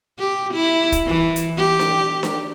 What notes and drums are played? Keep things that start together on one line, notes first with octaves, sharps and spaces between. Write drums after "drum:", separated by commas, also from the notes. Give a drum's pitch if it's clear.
G4
E4
drum: kick, hi-hat
E3
drum: hi-hat
G4
drum: snare D4
drum: snare D4